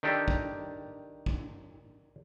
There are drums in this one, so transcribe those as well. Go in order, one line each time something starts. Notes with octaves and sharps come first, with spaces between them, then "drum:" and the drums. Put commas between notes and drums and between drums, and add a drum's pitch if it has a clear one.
D#3 D4 G4 A4
drum: kick
drum: kick